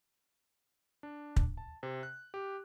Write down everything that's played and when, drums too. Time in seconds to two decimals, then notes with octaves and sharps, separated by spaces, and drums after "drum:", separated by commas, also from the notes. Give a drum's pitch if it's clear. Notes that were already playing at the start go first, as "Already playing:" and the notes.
1.03 D4
1.36 drum: kick
1.57 A5
1.83 C3
2.03 F#6
2.34 G4